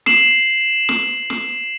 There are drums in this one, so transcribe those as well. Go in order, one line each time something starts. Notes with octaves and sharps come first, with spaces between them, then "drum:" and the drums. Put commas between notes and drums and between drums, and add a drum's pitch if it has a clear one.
C7 E7 F#7, drum: snare
drum: snare
drum: snare